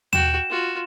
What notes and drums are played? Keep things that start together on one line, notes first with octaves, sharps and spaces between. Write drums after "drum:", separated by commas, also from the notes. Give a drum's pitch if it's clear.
F#4 G5 E7, drum: tom
F4 F#4